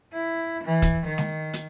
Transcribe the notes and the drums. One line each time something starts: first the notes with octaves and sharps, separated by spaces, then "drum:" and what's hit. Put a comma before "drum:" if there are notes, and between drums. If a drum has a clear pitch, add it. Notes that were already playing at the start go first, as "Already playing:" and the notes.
E4
E3
drum: kick, hi-hat
D#3
drum: snare G#3
drum: hi-hat